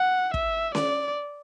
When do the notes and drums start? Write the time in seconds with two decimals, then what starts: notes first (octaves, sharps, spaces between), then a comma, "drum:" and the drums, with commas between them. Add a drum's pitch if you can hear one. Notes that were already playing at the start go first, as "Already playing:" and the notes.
Already playing: F#5
0.34 E5, drum: kick
0.75 D5, drum: snare C#4